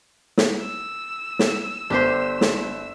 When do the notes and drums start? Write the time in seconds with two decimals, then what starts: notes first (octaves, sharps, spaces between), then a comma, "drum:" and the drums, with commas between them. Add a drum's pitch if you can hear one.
0.38 drum: snare
0.62 E6
1.39 drum: snare
1.90 G1 D4 G4 C5
2.41 drum: snare